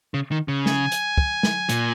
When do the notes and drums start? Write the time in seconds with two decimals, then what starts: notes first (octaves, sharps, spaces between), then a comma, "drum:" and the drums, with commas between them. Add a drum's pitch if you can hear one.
0.14 C#3
0.31 D#3
0.48 C#3
0.66 G#5, drum: snare
0.92 drum: hi-hat
1.18 drum: kick
1.43 drum: snare
1.69 A#2, drum: hi-hat